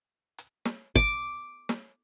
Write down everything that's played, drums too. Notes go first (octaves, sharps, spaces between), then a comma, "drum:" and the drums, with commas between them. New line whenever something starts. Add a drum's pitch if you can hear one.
drum: hi-hat
drum: snare
D6, drum: kick
drum: snare